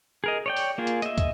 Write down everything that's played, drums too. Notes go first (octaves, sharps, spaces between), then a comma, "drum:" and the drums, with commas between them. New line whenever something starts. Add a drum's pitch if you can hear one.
G#4 A#4 D#5
C#5 D5 G5
drum: open hi-hat
A#3 F4 G#4
drum: hi-hat
D#5 E5, drum: hi-hat
drum: kick, hi-hat